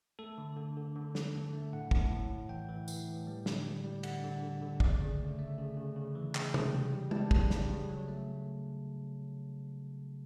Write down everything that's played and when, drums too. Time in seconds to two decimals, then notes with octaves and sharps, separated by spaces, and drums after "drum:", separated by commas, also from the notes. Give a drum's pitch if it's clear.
0.19 A3 A4
0.38 D3
0.57 D3
0.77 D3
0.96 D3
1.15 D3, drum: snare
1.34 D3
1.53 A3
1.73 A2 F#5
1.91 A2, drum: kick
2.11 A2
2.30 A2
2.49 E3 G5
2.68 E3
2.88 E3, drum: tambourine
3.07 A2
3.27 G3
3.46 D3, drum: snare
3.65 G3
3.84 G3
4.03 D3 F#5, drum: cymbal
4.24 D3
4.42 D3
4.62 D3
4.80 C#3 D5, drum: kick
5.00 C#3
5.19 A3
5.38 A3
5.58 C#3
5.77 C#3
5.96 C#3
6.15 E3
6.35 C#3 G5, drum: clap
6.54 C#3, drum: tom
6.73 G3
6.93 G3
7.11 G3 A5, drum: tom G#3
7.31 C#3, drum: kick
7.50 G3, drum: snare
7.69 C#3
7.89 F#3
8.08 A3